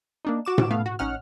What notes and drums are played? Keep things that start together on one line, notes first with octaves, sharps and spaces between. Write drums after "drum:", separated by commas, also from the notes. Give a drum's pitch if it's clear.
A#3 D4 D#4
F#4 D6 E7
drum: tom A2
A3 B3 F5
F#4
A1 C#4 D#4 F#5 F6